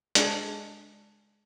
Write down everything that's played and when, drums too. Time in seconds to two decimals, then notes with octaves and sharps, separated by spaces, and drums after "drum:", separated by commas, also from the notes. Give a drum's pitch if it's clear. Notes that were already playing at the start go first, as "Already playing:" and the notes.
0.15 G#3 D4 G#5, drum: hi-hat